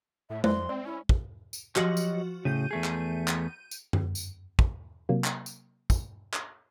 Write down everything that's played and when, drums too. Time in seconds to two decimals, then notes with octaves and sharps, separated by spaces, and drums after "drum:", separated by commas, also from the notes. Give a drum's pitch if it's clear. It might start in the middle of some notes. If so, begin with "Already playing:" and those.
0.30 A2 E5
0.44 F2 C5 D5 E5 C6, drum: tom G#3
0.69 C4 D5
0.85 C#4 E4
1.09 drum: kick
1.53 drum: tambourine
1.76 F3 F#3 F#4 G4 D#5, drum: clap
1.97 drum: tambourine
2.45 A2 C#3 G6 D#7
2.71 E2 A3 G#4
2.84 drum: clap
3.28 drum: clap
3.71 drum: tambourine
3.93 drum: tom F#2
4.15 drum: tambourine
4.59 drum: kick
5.09 C3 F#3 A#3
5.24 drum: clap
5.46 drum: tambourine
5.90 drum: kick, tambourine
6.33 drum: clap